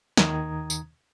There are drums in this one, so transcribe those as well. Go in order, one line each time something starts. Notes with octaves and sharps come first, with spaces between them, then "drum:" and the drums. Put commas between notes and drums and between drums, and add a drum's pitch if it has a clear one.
D#2 D#3 A#5 D#6 G#6, drum: snare
drum: tambourine